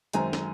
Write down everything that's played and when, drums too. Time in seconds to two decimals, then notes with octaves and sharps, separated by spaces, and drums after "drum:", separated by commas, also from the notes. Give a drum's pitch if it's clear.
0.13 F#2 D#3 G#3 C4 G#5 A#5, drum: hi-hat
0.33 drum: snare